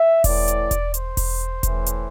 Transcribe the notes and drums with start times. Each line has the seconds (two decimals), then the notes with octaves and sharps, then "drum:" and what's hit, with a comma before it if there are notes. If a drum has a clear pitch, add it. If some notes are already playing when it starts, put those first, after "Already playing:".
Already playing: E5
0.24 A2 E3 D5, drum: kick E1, open hi-hat
0.48 drum: hi-hat
0.71 drum: kick E1, hi-hat
0.94 C5, drum: hi-hat
1.17 drum: kick E1, open hi-hat
1.63 A2 E3, drum: kick E1, hi-hat
1.86 drum: hi-hat